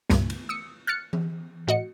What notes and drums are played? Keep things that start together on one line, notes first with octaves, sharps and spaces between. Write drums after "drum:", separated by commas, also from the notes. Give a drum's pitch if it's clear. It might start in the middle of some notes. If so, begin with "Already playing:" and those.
C#2 G2 A#2, drum: snare
drum: cymbal
D#6 E6 C#7
F6 F#6 A6 C#7
drum: tom E3
A2 F#4 D#5 C#7